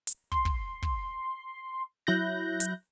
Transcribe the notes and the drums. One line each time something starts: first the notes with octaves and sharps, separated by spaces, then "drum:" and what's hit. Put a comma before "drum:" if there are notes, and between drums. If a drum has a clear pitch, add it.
drum: hi-hat
C6, drum: kick
drum: kick
drum: kick
F#3 E4 F#6 G6 A#6
drum: hi-hat